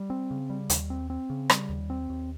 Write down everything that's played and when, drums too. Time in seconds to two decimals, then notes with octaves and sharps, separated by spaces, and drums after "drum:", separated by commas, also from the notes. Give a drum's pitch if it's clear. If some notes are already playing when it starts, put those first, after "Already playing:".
Already playing: G3
0.10 C4
0.31 C#3
0.50 G3
0.70 D#2, drum: hi-hat
0.90 C4
1.10 C4
1.30 C#3
1.50 G3, drum: rim click
1.69 D#2
1.90 C4
2.09 D#2